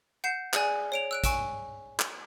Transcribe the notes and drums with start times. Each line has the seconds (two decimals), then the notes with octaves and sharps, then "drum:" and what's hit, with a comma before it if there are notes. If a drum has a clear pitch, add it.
0.24 F#5 G6 C7 E7
0.54 G#4 D5 G#5 F#6, drum: clap
0.92 C#5 D7 F7
1.11 E6 F#6 D7
1.24 G#5 C#6 E6 D7 E7, drum: kick A#1, hi-hat
2.00 drum: clap